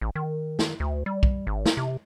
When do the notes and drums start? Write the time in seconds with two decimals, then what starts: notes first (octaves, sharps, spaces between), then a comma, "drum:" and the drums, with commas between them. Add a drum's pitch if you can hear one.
0.01 A1
0.15 D#3
0.59 drum: snare
0.80 D2
1.06 G3
1.23 drum: kick
1.47 G#1
1.66 drum: snare
1.77 C3